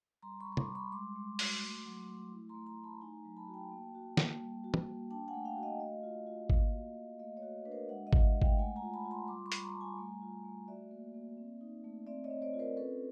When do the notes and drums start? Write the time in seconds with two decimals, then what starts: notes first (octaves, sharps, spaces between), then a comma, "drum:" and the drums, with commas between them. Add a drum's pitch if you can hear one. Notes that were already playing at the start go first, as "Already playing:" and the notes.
0.23 G3 A#5 C6
0.40 B5 C#6
0.46 G3
0.52 C#6
0.57 C6 D6, drum: tom
0.70 G3
0.75 B5 C#6
0.92 G#3 C6 D6
1.16 G#3
1.39 F#4, drum: open hi-hat
1.62 A3
1.86 F#3
2.08 A3
2.32 E4
2.49 A#5 C6
2.55 A3
2.67 A#5 C6
2.79 A3
2.84 A5 B5
3.01 D#4 G#5 A#5
3.25 F#3
3.37 A5 B5
3.48 F#4
3.54 G5 A5
3.71 A#3
3.95 F#4
4.17 A#3, drum: snare
4.41 G3
4.64 F#4
4.74 drum: tom
4.88 A#3
5.11 D4 G5 A5
5.28 F#5 G#5
5.34 A3
5.45 F5 G5
5.57 F#4
5.63 D#5 F5
5.80 A3 D#5 F5
6.03 F4
6.27 F4
6.50 A#3, drum: kick G#1
6.73 F#4
6.96 A#3
7.19 A3 D#5 F5
7.37 C#5 D#5
7.42 F#4
7.65 D4 B4
7.72 A#4 C5
7.89 G#3 E5 F#5
8.07 D#5 F5
8.13 G#3, drum: kick G#1
8.24 E5 F#5
8.36 G#3
8.42 F5 G5, drum: kick G#1
8.59 A3 F#5 G#5
8.76 G#5 A#5
8.82 F4
8.94 A5 B5
9.05 F4
9.11 A#5 C6
9.28 G3 C6 D6
9.46 B5 C#6
9.52 G3, drum: hi-hat
9.64 A#5 C6
9.74 G3 A5
9.81 G#5 A#5
9.99 A3
10.22 F4
10.45 A3
10.68 F#4 D5 E5
10.91 A#3
11.14 A#3
11.37 C4
11.61 D#4
11.84 A3
12.07 C4 D5 E5
12.24 C#5 D#5
12.30 C4
12.42 C5 D5
12.54 F4
12.59 A#4 C5
12.77 C#4 A4 B4